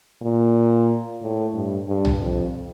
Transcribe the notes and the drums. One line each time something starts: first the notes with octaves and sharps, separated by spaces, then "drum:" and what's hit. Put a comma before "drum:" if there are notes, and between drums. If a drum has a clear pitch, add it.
A#2
A2
G2
G2
drum: tom
F2